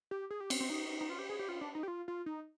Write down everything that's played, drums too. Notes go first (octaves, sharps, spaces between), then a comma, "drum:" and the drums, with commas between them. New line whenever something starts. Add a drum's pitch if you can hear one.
G4
G#4
G4
C4, drum: cymbal
C4
D#4
D#4
F4
G4
G#4
G4
F4
D4
D#4
G4
F4
F4
D#4